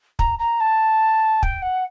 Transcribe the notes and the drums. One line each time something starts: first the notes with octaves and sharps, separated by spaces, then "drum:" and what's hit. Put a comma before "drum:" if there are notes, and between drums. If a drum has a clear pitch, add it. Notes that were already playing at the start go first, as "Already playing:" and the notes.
A#5, drum: kick
A#5
A5
G5, drum: kick
F#5